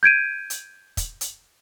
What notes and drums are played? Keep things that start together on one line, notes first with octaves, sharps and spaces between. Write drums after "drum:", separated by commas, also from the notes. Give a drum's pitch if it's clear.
G6 G#6 D7 D#7
drum: hi-hat
drum: kick, hi-hat
drum: hi-hat